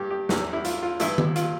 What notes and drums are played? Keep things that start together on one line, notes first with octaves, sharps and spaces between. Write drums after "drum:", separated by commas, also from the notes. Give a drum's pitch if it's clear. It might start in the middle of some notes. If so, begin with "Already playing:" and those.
Already playing: G2 G4
G4
E2 E3, drum: snare
E4
F4, drum: hi-hat
F4
G2 E3 E4, drum: hi-hat
drum: tom D#3
F4, drum: hi-hat